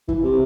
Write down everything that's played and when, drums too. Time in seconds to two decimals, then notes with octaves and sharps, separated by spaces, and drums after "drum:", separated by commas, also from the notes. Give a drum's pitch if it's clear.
0.08 E3, drum: kick
0.24 C3